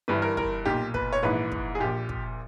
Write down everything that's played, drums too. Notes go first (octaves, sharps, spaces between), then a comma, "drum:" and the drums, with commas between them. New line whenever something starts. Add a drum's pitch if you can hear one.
G1 G2 E3 B4
A#4
A#4, drum: kick
B1 A#2 G4
B4, drum: kick
C#5
A#1 G#2 E3 B4
drum: kick
G#4
A#1 A#2 G4
drum: kick